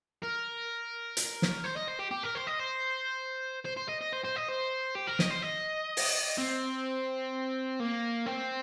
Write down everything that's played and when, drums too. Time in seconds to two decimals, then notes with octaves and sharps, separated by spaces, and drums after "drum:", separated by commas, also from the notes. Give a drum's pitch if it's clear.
0.22 A#4
1.17 drum: hi-hat
1.42 drum: snare
1.64 C5
1.77 D#5
1.88 C5
1.99 G4
2.11 G4
2.23 A#4
2.35 C5
2.47 D#5
2.59 C5
3.65 C5
3.77 C5
3.89 D#5
4.01 D#5
4.13 C5
4.24 C5
4.36 D#5
4.48 C5
4.95 G4
5.07 A#4
5.19 D#5, drum: snare
5.30 C5
5.42 D#5
5.97 drum: open hi-hat
6.38 C4
7.80 A#3
8.26 C4